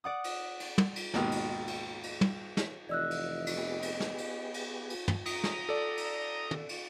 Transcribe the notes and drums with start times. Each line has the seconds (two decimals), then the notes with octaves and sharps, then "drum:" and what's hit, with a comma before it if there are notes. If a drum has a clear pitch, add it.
0.04 D5 F#5 D#6
0.24 drum: cymbal
0.60 drum: cymbal
0.78 drum: tom
0.96 drum: cymbal
1.14 D#2 G#2 B2 D#3, drum: snare
1.32 drum: cymbal
1.67 drum: cymbal
2.03 drum: cymbal
2.21 drum: tom
2.57 drum: snare
2.89 F1 E3 D5 D#5 E6 F#6
3.11 drum: cymbal
3.47 drum: cymbal
3.57 B3 G4 G#4
3.82 drum: cymbal
4.00 drum: snare
4.18 drum: cymbal
4.54 drum: cymbal
4.90 drum: cymbal
5.08 drum: tom
5.26 A#5 D#6, drum: cymbal
5.44 drum: snare
5.69 A4 D5
5.97 drum: cymbal
6.51 drum: tom
6.69 drum: cymbal